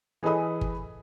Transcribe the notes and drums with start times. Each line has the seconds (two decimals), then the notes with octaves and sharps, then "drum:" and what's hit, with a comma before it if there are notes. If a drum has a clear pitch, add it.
0.23 E3 G#4 A4 D#5 B5 D#6
0.61 drum: kick G1